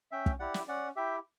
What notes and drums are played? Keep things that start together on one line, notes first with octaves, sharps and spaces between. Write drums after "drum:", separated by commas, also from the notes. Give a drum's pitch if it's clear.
C#4 E5 G5
drum: kick
E4 G4 D5 F#5
drum: snare
C#4 D5 F#5
E4 G4 E5 G5